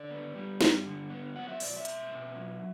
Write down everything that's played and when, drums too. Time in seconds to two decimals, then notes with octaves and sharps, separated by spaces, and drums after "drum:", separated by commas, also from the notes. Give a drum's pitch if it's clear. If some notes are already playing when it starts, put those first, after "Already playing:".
Already playing: D3 D5
0.10 B3
0.35 G3
0.61 G2, drum: snare
0.85 D3
1.10 B3
1.36 F#3 F#5
1.49 E5
1.60 B2 D5, drum: open hi-hat
1.77 E5
1.85 C#4, drum: hi-hat
2.11 B2
2.35 F#3